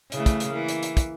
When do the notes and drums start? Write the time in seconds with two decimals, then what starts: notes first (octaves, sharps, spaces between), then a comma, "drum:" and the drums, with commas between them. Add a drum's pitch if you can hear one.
0.12 C#3 E3 A3, drum: hi-hat
0.26 drum: kick, hi-hat
0.40 drum: hi-hat
0.51 E3 A#3
0.69 drum: hi-hat
0.83 drum: hi-hat
0.97 drum: kick, hi-hat